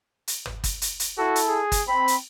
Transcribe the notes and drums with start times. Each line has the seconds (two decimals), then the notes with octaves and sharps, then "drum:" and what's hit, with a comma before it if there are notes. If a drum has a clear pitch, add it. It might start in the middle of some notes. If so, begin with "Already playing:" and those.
0.28 drum: hi-hat
0.46 drum: tom
0.64 drum: kick, hi-hat
0.82 drum: hi-hat
1.00 drum: hi-hat
1.18 E4 F#4 A4
1.36 drum: hi-hat
1.48 G#4
1.72 drum: kick, hi-hat
1.88 C4 B5
2.08 drum: hi-hat